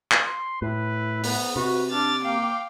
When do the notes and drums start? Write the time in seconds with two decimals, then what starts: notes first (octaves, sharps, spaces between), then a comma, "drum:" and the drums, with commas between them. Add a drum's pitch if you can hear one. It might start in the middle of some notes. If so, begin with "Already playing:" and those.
0.11 drum: clap
0.25 C6
0.62 A2 E4 B4
1.24 B3, drum: open hi-hat
1.56 C3 F#4 B4
1.91 D4 D6 F6 A6
2.23 A#3 F5 G5